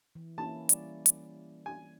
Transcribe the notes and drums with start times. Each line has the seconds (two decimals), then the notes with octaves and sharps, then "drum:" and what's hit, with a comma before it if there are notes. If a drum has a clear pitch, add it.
0.15 E3
0.38 A#3 C#4 E4 A5
0.69 G3 D5, drum: hi-hat
1.06 drum: hi-hat
1.66 G#5